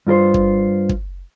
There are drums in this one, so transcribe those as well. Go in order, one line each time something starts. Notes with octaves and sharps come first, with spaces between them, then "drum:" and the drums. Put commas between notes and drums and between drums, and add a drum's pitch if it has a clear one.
G2 F4 A#4 C5
drum: kick
drum: kick